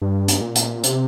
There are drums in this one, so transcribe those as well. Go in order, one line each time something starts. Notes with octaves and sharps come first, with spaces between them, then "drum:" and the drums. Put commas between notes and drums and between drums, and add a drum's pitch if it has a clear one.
G2
drum: hi-hat
A#2
drum: hi-hat
C3, drum: hi-hat